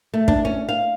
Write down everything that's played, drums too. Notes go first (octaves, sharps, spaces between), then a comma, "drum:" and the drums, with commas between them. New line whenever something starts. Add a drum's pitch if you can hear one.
A3
D4, drum: kick
C#4
F5